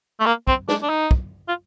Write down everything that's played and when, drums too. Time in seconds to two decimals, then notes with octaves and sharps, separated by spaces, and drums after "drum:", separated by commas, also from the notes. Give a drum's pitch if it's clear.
0.20 A3
0.26 A#3
0.47 C4, drum: kick
0.68 D4, drum: snare
0.82 D4
0.89 D#4
1.11 drum: kick
1.48 F4